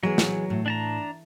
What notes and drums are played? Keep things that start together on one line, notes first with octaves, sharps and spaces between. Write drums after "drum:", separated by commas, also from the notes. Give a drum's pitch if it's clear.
E3 F#3 G#3 B3
drum: snare
A2
D4 A5 A#5